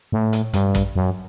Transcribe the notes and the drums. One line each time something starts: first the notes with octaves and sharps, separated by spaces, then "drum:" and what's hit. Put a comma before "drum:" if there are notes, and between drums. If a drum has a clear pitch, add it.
A2
drum: hi-hat
G2, drum: hi-hat
drum: kick, hi-hat
F#2